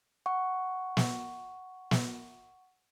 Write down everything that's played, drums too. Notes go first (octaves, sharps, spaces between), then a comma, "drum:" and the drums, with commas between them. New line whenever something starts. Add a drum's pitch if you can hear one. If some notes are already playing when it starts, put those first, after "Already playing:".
F#5 C#6
drum: snare
drum: snare